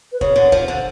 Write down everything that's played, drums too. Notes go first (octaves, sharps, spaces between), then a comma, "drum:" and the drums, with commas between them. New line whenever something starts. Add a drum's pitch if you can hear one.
B4
C#3 C#5, drum: kick
D3
F3, drum: kick
D3